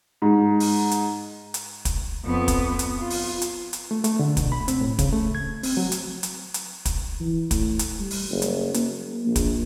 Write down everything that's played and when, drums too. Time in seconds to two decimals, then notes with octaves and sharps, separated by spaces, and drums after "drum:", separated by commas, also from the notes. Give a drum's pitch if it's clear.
0.22 G#2
0.60 drum: open hi-hat
0.91 drum: hi-hat
1.54 drum: hi-hat
1.85 drum: kick, hi-hat
2.25 F2 B3
2.48 drum: kick, hi-hat
2.79 drum: hi-hat
2.99 F4
3.10 drum: open hi-hat
3.42 drum: hi-hat
3.73 drum: hi-hat
3.91 A3
4.04 A3, drum: hi-hat
4.19 D3
4.37 B2, drum: kick, hi-hat
4.52 B5
4.68 C4, drum: hi-hat
4.81 A2
4.99 C#3, drum: kick, hi-hat
5.12 A3
5.35 G#6
5.63 C4, drum: open hi-hat
5.77 F#3
5.92 drum: hi-hat
6.23 drum: hi-hat
6.54 drum: hi-hat
6.85 drum: kick, hi-hat
7.20 E3
7.51 A2, drum: kick, hi-hat
7.79 drum: hi-hat
8.00 G3
8.11 drum: open hi-hat
8.31 F#1
8.42 drum: hi-hat
8.74 A#3, drum: hi-hat
9.26 A#1
9.36 drum: kick, hi-hat